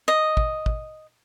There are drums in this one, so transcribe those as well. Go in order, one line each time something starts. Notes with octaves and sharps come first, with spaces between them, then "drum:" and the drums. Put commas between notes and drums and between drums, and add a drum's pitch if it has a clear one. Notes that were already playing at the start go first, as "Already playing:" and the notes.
D#5
drum: kick
drum: kick